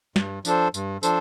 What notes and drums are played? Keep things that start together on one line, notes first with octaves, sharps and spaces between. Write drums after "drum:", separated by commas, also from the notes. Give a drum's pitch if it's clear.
G2, drum: snare
F3 D4 A4 C5, drum: tambourine
G2, drum: tambourine
F3 D4 A4 C5, drum: tambourine